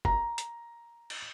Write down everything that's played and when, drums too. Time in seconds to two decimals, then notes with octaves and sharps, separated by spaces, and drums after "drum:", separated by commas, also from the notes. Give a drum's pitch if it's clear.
0.05 A#5, drum: kick
0.38 drum: hi-hat
1.10 drum: cymbal